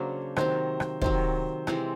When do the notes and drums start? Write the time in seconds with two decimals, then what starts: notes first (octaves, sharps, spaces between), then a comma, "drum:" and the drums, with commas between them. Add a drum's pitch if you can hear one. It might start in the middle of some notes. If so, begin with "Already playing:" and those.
Already playing: C#3 F#3 A#3 D4 C5 C#5
0.36 C3 D#3 F#3 C5, drum: rim click
0.80 drum: rim click
1.02 C3 D#3 F#3 C5, drum: kick
1.67 C3 E3 G#3 C4, drum: rim click